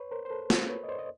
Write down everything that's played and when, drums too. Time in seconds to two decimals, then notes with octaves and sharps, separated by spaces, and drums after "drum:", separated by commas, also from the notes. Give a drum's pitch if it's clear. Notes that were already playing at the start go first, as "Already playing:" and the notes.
Already playing: B4 C#5
0.11 A#4 C5
0.25 C5
0.30 A4 B4
0.50 drum: snare
0.69 B4 C#5
0.84 D#5
0.89 C5 D5
0.99 D#5